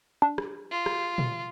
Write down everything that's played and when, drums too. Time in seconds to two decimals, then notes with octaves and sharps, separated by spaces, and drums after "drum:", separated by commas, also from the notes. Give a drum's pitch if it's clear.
0.22 D4
0.38 drum: rim click
0.71 F4
0.86 drum: rim click
1.18 drum: tom A#2